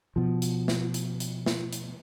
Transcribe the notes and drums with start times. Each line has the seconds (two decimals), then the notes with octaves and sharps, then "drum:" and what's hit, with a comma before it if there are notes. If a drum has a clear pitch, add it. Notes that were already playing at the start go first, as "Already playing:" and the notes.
0.16 B2 F3
0.42 drum: hi-hat
0.68 drum: snare
0.94 drum: hi-hat
1.20 drum: hi-hat
1.46 drum: snare
1.73 drum: hi-hat